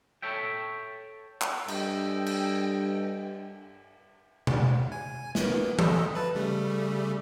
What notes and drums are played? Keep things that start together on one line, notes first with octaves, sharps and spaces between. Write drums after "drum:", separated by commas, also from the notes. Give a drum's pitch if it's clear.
A4 C#5 E5 G5
drum: clap
G2 A4 D#5 G5, drum: cymbal
drum: cymbal
drum: tom B2
G#5
A#3 B3, drum: snare
A4 D#5, drum: tom E3
B4 A5
C#3 G3 A3